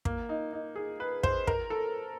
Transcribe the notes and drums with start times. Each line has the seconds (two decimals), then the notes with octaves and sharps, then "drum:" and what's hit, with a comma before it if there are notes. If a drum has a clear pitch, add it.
0.05 A#3, drum: kick
0.29 D#4
0.53 D#4
0.76 G#4
1.00 B4
1.23 C5, drum: kick
1.47 A#4, drum: kick
1.70 A4